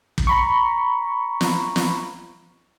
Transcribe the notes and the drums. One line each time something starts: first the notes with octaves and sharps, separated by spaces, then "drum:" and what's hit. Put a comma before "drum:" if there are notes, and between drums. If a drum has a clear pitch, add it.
drum: kick
A#5 B5 C#6
drum: snare
drum: snare